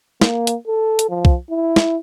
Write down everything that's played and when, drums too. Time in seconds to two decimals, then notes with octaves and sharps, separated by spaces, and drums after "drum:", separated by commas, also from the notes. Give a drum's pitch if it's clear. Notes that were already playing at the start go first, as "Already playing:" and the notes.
0.21 A#3, drum: snare
0.47 drum: hi-hat
0.67 A4
0.99 drum: hi-hat
1.09 F3
1.25 drum: kick
1.50 E4
1.76 drum: snare